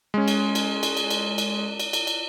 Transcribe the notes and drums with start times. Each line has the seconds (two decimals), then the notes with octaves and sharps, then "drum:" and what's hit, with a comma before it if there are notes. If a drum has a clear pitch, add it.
0.14 G#3 C#4
0.28 drum: cymbal
0.55 drum: cymbal
0.83 drum: cymbal
0.97 drum: cymbal
1.10 drum: cymbal
1.38 drum: cymbal
1.80 drum: cymbal
1.93 drum: cymbal
2.07 drum: cymbal